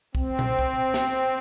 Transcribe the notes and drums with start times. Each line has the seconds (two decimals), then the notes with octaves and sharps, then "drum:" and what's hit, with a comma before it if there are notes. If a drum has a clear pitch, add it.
0.15 C4, drum: kick C2
0.39 drum: tom A#2
0.59 drum: kick C2
0.94 drum: snare